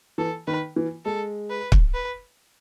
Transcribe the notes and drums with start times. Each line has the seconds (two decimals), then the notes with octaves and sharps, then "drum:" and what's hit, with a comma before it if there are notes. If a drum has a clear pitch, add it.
0.18 E3 A4
0.47 D#3 B4
0.76 E3
1.05 G#3 A4
1.50 B4
1.72 drum: kick
1.94 B4